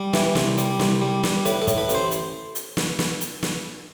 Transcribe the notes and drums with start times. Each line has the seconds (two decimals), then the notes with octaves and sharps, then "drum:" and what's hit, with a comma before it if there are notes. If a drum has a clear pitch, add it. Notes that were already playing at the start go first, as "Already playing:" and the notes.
Already playing: G3
0.13 E3, drum: snare
0.35 C2, drum: snare
0.58 G3, drum: hi-hat
0.80 C2, drum: snare
1.01 G3
1.23 G3, drum: snare
1.45 A2 B4, drum: hi-hat
1.62 A4
1.67 A2, drum: kick, hi-hat
1.78 B4
1.89 A1, drum: hi-hat
1.95 C5
2.11 drum: hi-hat
2.55 drum: hi-hat
2.77 drum: snare
2.99 drum: snare
3.21 drum: hi-hat
3.43 drum: snare